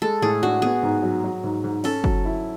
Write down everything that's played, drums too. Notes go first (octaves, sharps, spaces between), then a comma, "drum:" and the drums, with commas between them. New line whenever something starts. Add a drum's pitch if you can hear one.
G#3 A4
A2 G#4
D4 F#4
B3 G#4
G#2
F#3
F#3
G#2
G#2
C#4 A4, drum: open hi-hat
F#3, drum: kick
E4